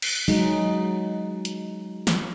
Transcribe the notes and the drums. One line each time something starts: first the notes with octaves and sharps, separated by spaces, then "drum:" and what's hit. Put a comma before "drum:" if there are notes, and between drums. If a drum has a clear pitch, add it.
drum: cymbal
F#3 G#3 D#4, drum: open hi-hat
drum: hi-hat
drum: snare